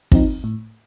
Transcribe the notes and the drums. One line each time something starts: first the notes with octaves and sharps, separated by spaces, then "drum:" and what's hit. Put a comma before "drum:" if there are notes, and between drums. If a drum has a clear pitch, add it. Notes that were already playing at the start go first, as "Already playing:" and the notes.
F3 C4 D#4, drum: kick
A2